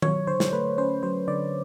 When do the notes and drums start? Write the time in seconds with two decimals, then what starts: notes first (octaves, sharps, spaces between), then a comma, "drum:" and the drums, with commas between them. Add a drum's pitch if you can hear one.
0.02 F#3 C#5, drum: tom D#3
0.27 D3 C5
0.40 drum: snare
0.53 A3 B4
0.78 C#4 C5
1.03 F#3 C5
1.28 D3 D5